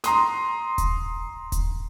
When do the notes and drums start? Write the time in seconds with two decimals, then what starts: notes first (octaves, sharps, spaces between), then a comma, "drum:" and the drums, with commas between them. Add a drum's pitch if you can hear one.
0.04 A#5 C6 D#6, drum: snare
0.78 drum: kick D#1, hi-hat
1.52 drum: kick D#1, hi-hat